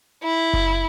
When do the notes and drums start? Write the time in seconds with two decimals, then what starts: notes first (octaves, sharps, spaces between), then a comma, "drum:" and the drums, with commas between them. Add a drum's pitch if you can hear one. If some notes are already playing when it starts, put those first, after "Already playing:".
0.23 E4
0.53 drum: kick F#1